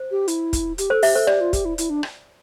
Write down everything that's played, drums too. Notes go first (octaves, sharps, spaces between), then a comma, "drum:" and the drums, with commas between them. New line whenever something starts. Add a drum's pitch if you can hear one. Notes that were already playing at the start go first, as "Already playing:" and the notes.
Already playing: C5
G4
E4, drum: hi-hat
drum: kick, hi-hat
G4, drum: hi-hat
A4 C5
G4 E5, drum: open hi-hat
A4 C5
G4 D5, drum: rim click
F4
G4, drum: kick, hi-hat
E4
E4, drum: hi-hat
D4
drum: rim click